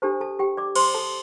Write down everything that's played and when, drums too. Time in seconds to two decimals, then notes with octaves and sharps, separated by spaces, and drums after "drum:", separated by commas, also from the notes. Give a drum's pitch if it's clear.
0.02 D4 G4 A4 C5 A5
0.20 A4 A5
0.39 G4 G5
0.57 D5 D6
0.75 C5 C6, drum: cymbal
0.94 A4 A5